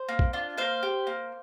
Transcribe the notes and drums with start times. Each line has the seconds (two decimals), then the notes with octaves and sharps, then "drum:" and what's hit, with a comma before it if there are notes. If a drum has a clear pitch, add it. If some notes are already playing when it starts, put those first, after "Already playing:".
Already playing: C5
0.09 A#3
0.19 drum: kick A1
0.33 D4 F4
0.57 A#3 C5 F5
0.83 G4
1.07 A#3